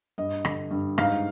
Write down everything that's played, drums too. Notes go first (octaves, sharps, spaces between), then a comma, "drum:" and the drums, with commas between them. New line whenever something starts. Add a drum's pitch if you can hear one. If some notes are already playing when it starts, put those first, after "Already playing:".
G2 D#5
D3, drum: rim click
G2
G#2 F5, drum: rim click